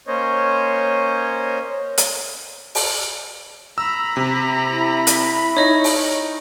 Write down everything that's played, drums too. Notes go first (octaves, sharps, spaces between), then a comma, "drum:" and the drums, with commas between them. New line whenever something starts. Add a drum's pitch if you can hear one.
A#3 C#4 C5 C#5 D#5
drum: hi-hat
drum: open hi-hat
A#5 B5 E6
C3 B6
E4
drum: hi-hat
D#4 C#5 D#5 C#6
drum: open hi-hat